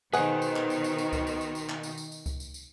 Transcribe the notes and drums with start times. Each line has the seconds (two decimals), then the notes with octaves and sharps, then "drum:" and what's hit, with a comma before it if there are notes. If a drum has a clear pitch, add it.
0.13 B2 D#3 G#4 B4 C5 F#5, drum: tambourine
0.42 drum: tambourine
0.56 drum: clap
0.70 drum: tambourine
0.84 drum: tambourine
0.98 drum: tambourine
1.13 drum: kick C#2, tambourine
1.27 drum: tambourine
1.41 drum: tambourine
1.55 drum: tambourine
1.69 drum: clap
1.83 drum: tambourine
1.98 drum: tambourine
2.12 drum: tambourine
2.26 drum: kick C#2, tambourine
2.40 drum: tambourine
2.54 drum: tambourine